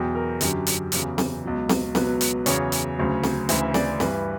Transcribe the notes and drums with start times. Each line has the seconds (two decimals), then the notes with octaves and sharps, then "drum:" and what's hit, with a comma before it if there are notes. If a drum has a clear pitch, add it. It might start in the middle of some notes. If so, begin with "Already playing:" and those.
Already playing: E2 B2 F#3 G5
0.15 A#4
0.41 F#2 D3 F#3 G4, drum: hi-hat
0.67 drum: hi-hat
0.92 E2 C#3 F#3, drum: hi-hat
1.18 drum: snare C4
1.44 C#2 B2 F#3
1.69 drum: snare C4
1.95 C#2 B2 F#3 B4, drum: snare C4
2.21 drum: hi-hat
2.46 E2 C#3 F#3 C#5, drum: hi-hat
2.72 drum: hi-hat
2.98 D2 C#3 F#3
3.23 drum: snare C4
3.49 D2 C#3 E3 E5, drum: hi-hat
3.74 D5, drum: snare C4
4.00 G2 E3 B4, drum: snare C4